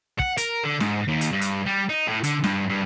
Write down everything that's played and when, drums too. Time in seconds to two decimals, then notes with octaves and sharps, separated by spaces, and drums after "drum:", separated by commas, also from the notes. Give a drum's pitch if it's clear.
0.19 F#5, drum: kick
0.37 A#4, drum: hi-hat
0.64 D3
0.80 G#2, drum: snare
1.08 D#2
1.21 drum: hi-hat
1.32 G2
1.41 drum: hi-hat
1.66 G3
1.89 D#4
2.07 A2
2.24 D3, drum: hi-hat
2.44 G2, drum: snare
2.69 G2